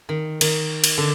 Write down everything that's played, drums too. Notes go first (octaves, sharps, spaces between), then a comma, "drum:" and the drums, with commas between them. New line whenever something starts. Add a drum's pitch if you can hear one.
D#3
D#3, drum: cymbal
drum: cymbal
D3